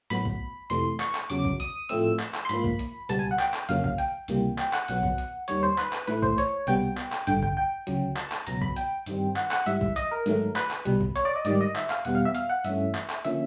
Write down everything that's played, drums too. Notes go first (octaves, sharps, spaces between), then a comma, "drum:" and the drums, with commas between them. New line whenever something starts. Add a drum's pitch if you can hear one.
A2 F#3 B3 B5, drum: hi-hat
drum: kick A#1
F2 C3 E3 A3 C6, drum: hi-hat
C#6, drum: clap
drum: clap
E2 C#3 F#3 D6, drum: hi-hat
drum: kick A#1
D#6, drum: hi-hat
A2 F3 A3 C4 E6, drum: hi-hat
drum: clap
drum: clap
C6
G#2 F3 A#3 B5, drum: hi-hat
drum: kick A#1
drum: hi-hat
C#2 B2 G3 B3 A5, drum: hi-hat
G#5
F#5
G5, drum: clap
drum: clap
F2 C#3 F#3 A#3 C#4 F5, drum: hi-hat
F5, drum: kick A#1
G5, drum: hi-hat
C#2 C3 E3 G3 A#3, drum: hi-hat
G5, drum: clap
F#5, drum: clap
B1 B2 F#3 B3 F#5, drum: hi-hat
drum: kick A#1
drum: hi-hat
D#2 D#3 G3 C#5, drum: hi-hat
C5
B4, drum: clap
drum: clap
A2 E3 A3 B4, drum: hi-hat
C5, drum: kick A#1
C#5, drum: hi-hat
C2 B2 G3 B3 G5, drum: hi-hat
drum: clap
drum: clap
A1 G2 D3 G5, drum: hi-hat
G5, drum: kick A#1
G5
D2 C#3 F#3, drum: hi-hat
A5, drum: clap
drum: clap
C#2 B2 F#3 B3 A#5, drum: hi-hat
B5, drum: kick A#1
G5, drum: hi-hat
G2 D#3 G3 C4, drum: hi-hat
F#5, drum: clap
F#5, drum: clap
G#2 E3 G3 E5, drum: hi-hat
drum: kick A#1
D#5, drum: hi-hat
A#4
G#2 D#3 F#3 A3, drum: hi-hat
B4, drum: clap
drum: clap
C2 B2 G3, drum: hi-hat
drum: kick A#1
C#5, drum: hi-hat
D5
D#5
G#2 D#3 G3 D5, drum: hi-hat
D#5
E5, drum: clap
F5, drum: clap
E2 B2 G3 B3 F#5, drum: hi-hat
F5
E5
F5, drum: hi-hat
F#5
G2 E3 A3 C#4 E5, drum: hi-hat
drum: clap
drum: clap
D3 F3 A#3 C#4 E5, drum: hi-hat